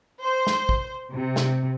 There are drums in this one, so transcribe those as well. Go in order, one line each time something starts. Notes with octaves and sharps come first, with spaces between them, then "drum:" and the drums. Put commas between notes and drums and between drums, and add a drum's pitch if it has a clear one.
C5
drum: snare
drum: kick
C3
drum: snare